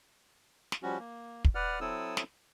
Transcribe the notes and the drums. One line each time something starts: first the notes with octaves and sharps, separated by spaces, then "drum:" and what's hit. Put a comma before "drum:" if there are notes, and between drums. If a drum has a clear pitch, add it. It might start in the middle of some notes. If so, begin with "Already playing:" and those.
drum: snare
F3 G3 C#4 F#4
A#3
drum: kick
B4 D5 F#5 F6
F#3 C4 E4 A4 D#6 E6
drum: snare